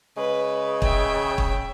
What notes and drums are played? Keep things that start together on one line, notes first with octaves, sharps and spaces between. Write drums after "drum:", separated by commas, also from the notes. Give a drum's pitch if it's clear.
C#3 G#3 B4
E5 G5, drum: kick
drum: kick